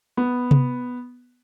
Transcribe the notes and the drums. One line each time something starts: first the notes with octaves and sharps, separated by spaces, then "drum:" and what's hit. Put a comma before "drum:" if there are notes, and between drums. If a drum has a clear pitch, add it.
B3
drum: tom C3